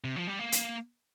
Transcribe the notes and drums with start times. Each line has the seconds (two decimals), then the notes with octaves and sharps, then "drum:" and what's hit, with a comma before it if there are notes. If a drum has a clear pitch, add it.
0.04 C3
0.16 F3
0.27 G3
0.39 A#3
0.52 drum: hi-hat